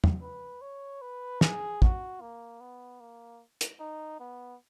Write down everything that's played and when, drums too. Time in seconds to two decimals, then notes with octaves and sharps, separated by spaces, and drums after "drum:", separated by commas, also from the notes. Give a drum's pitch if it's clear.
0.04 drum: tom
0.22 B4
0.61 C#5
1.01 B4
1.41 G#4, drum: snare
1.82 F#4, drum: kick
2.21 A#3
2.61 B3
3.01 A#3
3.61 drum: hi-hat
3.80 D#4
4.20 B3